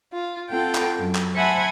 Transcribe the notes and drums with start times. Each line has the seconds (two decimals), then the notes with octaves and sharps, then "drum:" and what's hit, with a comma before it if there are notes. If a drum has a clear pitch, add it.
0.12 F4
0.49 C4 F4 A4 F#5 G5
0.75 drum: clap
0.97 F#2
1.15 drum: clap
1.35 C5 E5 F#5 G#5 A5 B5